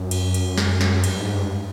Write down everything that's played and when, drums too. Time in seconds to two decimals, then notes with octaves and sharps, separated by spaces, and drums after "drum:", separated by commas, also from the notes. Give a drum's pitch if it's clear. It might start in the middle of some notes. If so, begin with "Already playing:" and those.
Already playing: F#2
0.11 drum: cymbal
0.34 drum: cymbal
0.58 drum: snare
0.81 drum: snare
1.04 G2, drum: cymbal
1.19 G#2
1.35 G2